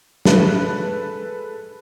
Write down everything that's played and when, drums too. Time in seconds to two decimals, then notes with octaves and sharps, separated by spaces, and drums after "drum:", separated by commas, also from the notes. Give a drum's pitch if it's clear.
0.25 G#3 A4 B4, drum: snare